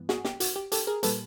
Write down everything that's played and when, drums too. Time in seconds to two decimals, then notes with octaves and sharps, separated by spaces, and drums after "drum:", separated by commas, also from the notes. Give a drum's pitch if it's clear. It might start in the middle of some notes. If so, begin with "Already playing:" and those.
Already playing: G2 E3 B3
0.09 F#4 G#4, drum: snare
0.25 G4, drum: snare
0.40 F#4, drum: hi-hat
0.56 G4
0.72 G4 A4, drum: hi-hat
0.87 G#4 A#4
1.03 A#2 G3 A#3 A4 B4, drum: hi-hat